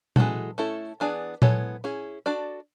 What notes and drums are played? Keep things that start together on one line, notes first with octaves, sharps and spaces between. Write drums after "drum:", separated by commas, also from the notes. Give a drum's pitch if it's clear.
E3 G#3 D4 F#4 A4, drum: tom A#2
A3 C#4 E4 A4
E3 B3 D4 G#4 D5
G#3 B3 E4 A4 C#5, drum: tom A#2
C#4 E4 G#4
D4 F#4 A4 D5